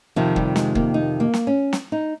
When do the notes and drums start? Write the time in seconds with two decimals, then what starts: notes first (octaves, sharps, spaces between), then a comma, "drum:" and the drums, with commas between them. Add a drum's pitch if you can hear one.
0.16 F2 C3 D#3 F3
0.36 G3, drum: kick
0.56 G#3, drum: snare
0.75 A#3, drum: kick
0.94 D#4
1.20 A#3
1.34 drum: snare
1.47 C#4
1.73 drum: snare
1.92 D#4